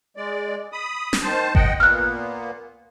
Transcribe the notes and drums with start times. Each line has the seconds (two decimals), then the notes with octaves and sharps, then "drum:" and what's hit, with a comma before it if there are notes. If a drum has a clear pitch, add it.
0.17 G#3 D5
0.72 B5 D#6
1.13 drum: snare
1.23 D#3 C5 A5
1.55 D#5 F#5 G5, drum: kick G#1
1.80 A#2 A#3 B3 F6 F#6